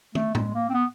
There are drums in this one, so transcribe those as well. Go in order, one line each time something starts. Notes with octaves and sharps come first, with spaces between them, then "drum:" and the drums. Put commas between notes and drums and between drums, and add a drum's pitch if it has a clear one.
A3, drum: tom
G#3, drum: tom A2
A#3
C4
B3